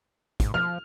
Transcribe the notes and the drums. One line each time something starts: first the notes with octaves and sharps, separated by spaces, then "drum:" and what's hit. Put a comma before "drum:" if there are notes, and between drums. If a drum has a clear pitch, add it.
G#2, drum: kick, hi-hat
F3 F6